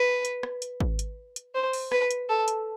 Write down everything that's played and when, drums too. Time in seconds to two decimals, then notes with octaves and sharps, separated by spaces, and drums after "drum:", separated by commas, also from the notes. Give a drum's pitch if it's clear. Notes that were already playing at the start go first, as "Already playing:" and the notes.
Already playing: B4
0.25 drum: hi-hat
0.43 drum: rim click
0.62 drum: hi-hat
0.80 drum: kick G#1
0.99 drum: hi-hat
1.36 drum: hi-hat
1.55 C5
1.73 drum: open hi-hat
1.92 B4, drum: rim click
2.11 drum: hi-hat
2.29 A4
2.48 drum: hi-hat